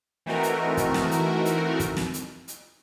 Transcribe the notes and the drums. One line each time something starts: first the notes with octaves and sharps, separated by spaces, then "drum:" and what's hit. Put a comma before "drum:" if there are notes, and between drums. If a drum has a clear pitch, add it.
E3 A3 C4 D#4 F#4 A#4
drum: hi-hat
drum: kick, hi-hat
drum: snare
drum: hi-hat
drum: hi-hat
drum: kick, hi-hat
drum: snare
drum: hi-hat
drum: hi-hat